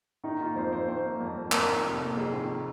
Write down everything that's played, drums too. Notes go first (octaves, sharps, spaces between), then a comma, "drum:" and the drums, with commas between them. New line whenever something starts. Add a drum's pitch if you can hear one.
D#3 D#4
A#3 F4
F2 C5
F2 C5
D#3 C5
A#3
F2
F2
F2 A#4, drum: clap
D#3
F1
A#3
F2 G#4
D#3